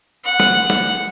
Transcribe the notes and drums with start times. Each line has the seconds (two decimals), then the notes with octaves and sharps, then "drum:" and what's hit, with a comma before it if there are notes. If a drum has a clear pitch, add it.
0.25 F#5
0.40 drum: snare
0.70 drum: snare